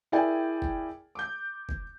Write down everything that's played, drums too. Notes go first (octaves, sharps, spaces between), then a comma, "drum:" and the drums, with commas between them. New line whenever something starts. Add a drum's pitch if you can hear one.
E4 G#4 A#4 D5 G5 G#5
drum: kick
D6 G6
drum: kick